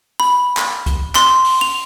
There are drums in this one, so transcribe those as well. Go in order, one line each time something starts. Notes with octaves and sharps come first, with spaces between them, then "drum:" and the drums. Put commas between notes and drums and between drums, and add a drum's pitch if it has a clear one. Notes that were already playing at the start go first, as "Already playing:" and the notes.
B5
drum: clap
drum: kick C2, hi-hat
C6, drum: clap
drum: open hi-hat
F7